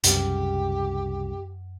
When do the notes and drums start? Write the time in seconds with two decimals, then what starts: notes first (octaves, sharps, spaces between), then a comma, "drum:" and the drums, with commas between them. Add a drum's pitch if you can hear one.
0.04 C2 F#2 C#3 G4, drum: hi-hat